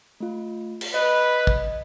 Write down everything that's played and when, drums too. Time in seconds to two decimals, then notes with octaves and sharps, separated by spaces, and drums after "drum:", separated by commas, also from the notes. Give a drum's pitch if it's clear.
0.20 A3 F4
0.81 drum: cymbal
0.94 B4 D#5
1.47 drum: kick